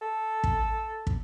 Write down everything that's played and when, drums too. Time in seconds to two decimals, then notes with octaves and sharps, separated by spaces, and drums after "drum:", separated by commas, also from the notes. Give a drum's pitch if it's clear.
0.02 A4
0.44 drum: kick
1.07 drum: kick